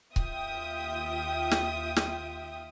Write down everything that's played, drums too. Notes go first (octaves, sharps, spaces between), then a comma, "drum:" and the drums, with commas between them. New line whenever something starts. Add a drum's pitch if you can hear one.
D#2 F4 E5 G5 D#6, drum: kick C#1
drum: snare
drum: snare